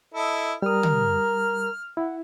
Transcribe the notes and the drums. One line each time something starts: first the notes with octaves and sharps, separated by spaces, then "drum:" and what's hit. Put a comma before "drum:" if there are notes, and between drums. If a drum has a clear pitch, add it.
E4 A4 D#5
G3 A#4 D#6 F6
drum: tom
E4 F#5